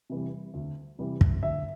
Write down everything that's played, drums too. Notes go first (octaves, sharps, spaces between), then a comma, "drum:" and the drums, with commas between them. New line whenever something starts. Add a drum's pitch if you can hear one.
C3 E3 G3
D2
C3 E3 G3
drum: kick
D2 E5